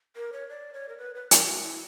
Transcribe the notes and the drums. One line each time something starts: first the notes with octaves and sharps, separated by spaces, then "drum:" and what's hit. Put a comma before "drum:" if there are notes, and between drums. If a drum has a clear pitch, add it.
A#4
C#5
D5
C#5
A#4
B4
B4
A#4, drum: hi-hat
F#4
E4